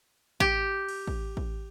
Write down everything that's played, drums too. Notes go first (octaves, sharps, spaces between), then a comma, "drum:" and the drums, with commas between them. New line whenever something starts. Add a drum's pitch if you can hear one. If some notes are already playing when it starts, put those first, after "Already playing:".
G4, drum: kick A1
drum: cymbal
drum: kick A1
drum: kick A1